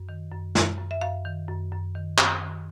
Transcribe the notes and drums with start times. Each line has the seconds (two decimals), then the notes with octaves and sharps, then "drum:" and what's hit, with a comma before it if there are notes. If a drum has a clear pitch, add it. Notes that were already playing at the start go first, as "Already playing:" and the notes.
Already playing: F#2
0.09 D#3
0.32 F#2
0.55 F#2, drum: snare
0.78 F#2
0.91 E5
1.01 F#2 F5
1.25 D#3
1.49 F#2
1.72 F#2
1.95 D#3
2.18 F#2, drum: clap
2.41 D#3